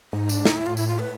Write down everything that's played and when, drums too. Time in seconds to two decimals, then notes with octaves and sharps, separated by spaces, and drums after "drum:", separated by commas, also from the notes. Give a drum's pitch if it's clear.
0.13 G#2 D#4
0.29 D4, drum: tambourine
0.45 A2 D#4, drum: snare
0.56 E4
0.66 F4
0.77 E4, drum: tambourine
0.88 F4
0.99 B4